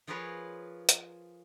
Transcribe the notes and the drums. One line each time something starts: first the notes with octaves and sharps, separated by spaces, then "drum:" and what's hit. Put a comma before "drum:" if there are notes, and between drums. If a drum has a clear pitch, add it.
F3 F4 G#4 A#4 B4 C#5
drum: hi-hat